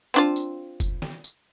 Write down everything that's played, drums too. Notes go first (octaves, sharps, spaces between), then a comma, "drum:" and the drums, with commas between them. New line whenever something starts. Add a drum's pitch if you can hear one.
C4 D4 F4
drum: tambourine
drum: kick, tambourine
drum: snare
drum: tambourine